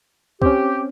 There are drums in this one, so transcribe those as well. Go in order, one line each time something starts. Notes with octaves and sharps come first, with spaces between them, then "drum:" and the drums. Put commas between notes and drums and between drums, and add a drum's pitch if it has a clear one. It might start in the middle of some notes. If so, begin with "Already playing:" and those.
C4 C#4 G4, drum: kick